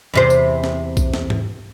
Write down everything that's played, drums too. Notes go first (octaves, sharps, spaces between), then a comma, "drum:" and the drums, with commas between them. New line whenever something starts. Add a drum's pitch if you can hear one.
E2 C3 C5
drum: tambourine
drum: snare
drum: kick B1, tambourine
drum: snare
drum: tom